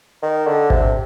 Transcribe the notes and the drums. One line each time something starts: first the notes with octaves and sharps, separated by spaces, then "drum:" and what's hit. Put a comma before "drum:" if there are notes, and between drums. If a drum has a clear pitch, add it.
D#3
D3
C3, drum: kick G#1